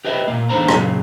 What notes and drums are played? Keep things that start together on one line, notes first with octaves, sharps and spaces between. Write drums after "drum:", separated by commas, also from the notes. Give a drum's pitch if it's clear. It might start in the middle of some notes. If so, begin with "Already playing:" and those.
G4 B4 D#5 E5
A#2 A#3
E2 A2 D3 D#4 C5 A#5
F#2 A#2 C#3, drum: rim click